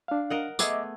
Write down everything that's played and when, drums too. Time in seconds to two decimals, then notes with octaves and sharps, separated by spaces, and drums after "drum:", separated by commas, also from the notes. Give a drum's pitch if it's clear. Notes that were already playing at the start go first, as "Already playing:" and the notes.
0.08 D4 F5
0.30 A#4 D#5 F#5
0.59 A3 B3 G#4 D#5 E5 D6, drum: tambourine